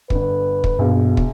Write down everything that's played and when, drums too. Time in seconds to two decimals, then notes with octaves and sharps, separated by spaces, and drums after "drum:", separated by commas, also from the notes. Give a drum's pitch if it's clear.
0.10 G1 D3 B4, drum: kick
0.64 drum: kick
0.79 A#1 G2 B2 G#4 F5
1.17 drum: kick